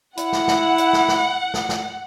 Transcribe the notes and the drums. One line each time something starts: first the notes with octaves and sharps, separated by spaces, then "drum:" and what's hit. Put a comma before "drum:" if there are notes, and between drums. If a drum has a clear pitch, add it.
E4 F#5, drum: hi-hat
drum: snare
drum: snare
drum: hi-hat
drum: snare
drum: snare
drum: snare
drum: snare